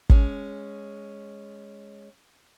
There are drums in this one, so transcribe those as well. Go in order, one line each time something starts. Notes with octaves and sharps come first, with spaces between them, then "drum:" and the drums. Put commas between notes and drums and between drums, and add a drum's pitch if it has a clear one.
G#3 C#4, drum: kick